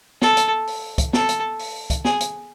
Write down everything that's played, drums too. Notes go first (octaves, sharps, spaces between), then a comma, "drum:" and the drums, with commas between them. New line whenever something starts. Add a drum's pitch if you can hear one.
A4, drum: snare B3
drum: hi-hat
drum: open hi-hat
drum: kick, hi-hat
A4, drum: snare B3
drum: hi-hat
drum: open hi-hat
drum: kick, hi-hat
G#4, drum: snare B3
drum: hi-hat